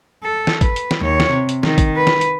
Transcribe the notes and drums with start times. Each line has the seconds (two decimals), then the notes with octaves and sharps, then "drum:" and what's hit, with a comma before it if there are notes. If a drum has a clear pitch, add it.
0.23 A4
0.47 drum: snare
0.61 B4, drum: kick, hi-hat
0.76 drum: hi-hat
0.91 drum: snare
1.01 D#2 C#5
1.20 drum: snare
1.31 C3
1.49 drum: hi-hat
1.63 D#3, drum: snare
1.78 drum: kick, hi-hat
1.96 B4
2.07 drum: snare
2.21 drum: hi-hat